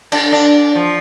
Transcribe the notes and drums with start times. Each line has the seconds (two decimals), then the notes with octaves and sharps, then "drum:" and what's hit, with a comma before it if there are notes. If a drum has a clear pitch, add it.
0.12 D4, drum: cymbal
0.32 D4
0.75 F3